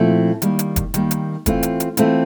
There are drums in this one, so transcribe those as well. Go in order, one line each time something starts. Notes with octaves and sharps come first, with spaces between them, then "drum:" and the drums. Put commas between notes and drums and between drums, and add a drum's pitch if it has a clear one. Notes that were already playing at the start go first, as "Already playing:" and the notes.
Already playing: A#2 F3 A3 C4 E4
D#3 G3 A#3, drum: hi-hat
drum: hi-hat
drum: kick F1, hi-hat
D#3 G3 A#3, drum: hi-hat
drum: hi-hat
E3 A3 C4 F4, drum: kick F1, hi-hat
drum: hi-hat
drum: hi-hat
E3 A3 C4 F4, drum: hi-hat